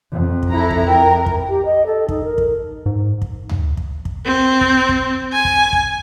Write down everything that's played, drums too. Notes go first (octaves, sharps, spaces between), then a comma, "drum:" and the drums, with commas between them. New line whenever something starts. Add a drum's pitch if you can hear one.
F2
drum: kick
E4 A4 A#5
drum: kick
A#4 G5
drum: kick
G4
D#5
A4
D#4, drum: kick
A#4
drum: kick
G#2
drum: kick
drum: tom
drum: kick
drum: kick
C4
drum: kick
drum: kick
G#5
drum: kick
drum: kick